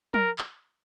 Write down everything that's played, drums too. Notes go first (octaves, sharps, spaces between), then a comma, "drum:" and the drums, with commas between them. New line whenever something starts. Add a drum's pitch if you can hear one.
A#4, drum: tom
drum: clap